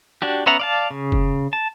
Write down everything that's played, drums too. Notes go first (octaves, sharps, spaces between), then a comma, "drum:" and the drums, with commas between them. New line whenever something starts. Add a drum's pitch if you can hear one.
D4 F#4 G4
B3 C#4 E5 F#5 A#5
D5 F5 A5
C#3
drum: kick F1
A5